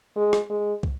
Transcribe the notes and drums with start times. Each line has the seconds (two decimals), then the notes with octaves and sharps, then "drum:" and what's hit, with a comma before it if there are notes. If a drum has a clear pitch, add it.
0.16 G#3
0.33 drum: rim click
0.50 G#3
0.83 drum: kick